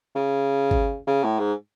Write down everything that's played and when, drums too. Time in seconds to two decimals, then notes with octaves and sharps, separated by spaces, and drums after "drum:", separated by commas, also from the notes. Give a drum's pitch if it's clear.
0.15 C#3
0.71 drum: kick G#1
1.07 C#3
1.24 A2
1.39 G#2